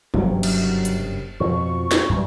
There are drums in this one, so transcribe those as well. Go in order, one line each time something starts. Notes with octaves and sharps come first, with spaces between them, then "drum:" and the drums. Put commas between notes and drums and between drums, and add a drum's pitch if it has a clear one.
F#1 G2 C3 F#3, drum: tom E3
drum: cymbal
drum: hi-hat
F2 B2 F3 C#6
drum: snare
F#2 E3 G3